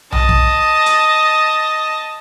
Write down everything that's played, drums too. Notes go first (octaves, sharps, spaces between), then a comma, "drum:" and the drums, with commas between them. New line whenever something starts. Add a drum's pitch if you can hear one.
D#5 A5, drum: tom B1
drum: kick
drum: hi-hat